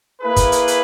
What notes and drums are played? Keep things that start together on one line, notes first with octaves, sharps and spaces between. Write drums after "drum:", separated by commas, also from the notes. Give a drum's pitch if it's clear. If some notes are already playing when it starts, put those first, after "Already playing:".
A#3 E4 G#4 B4
drum: kick, hi-hat
drum: hi-hat
drum: hi-hat